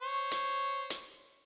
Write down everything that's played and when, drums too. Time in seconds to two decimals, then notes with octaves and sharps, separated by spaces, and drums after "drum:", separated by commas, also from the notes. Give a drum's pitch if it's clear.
0.02 C5 C#5
0.31 drum: hi-hat
0.90 drum: hi-hat